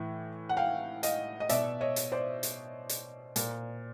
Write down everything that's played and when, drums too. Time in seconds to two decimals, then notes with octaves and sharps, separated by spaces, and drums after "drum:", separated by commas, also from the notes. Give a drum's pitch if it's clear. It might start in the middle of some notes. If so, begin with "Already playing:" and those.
Already playing: A2 E3
0.49 F#5
0.57 F5 G5
1.03 D#5 F5, drum: hi-hat
1.40 D#5
1.49 B2 D5 E5, drum: hi-hat
1.81 C#5 D#5
1.96 drum: hi-hat
2.12 C5 D5
2.43 drum: hi-hat
2.89 drum: hi-hat
3.36 A#2, drum: hi-hat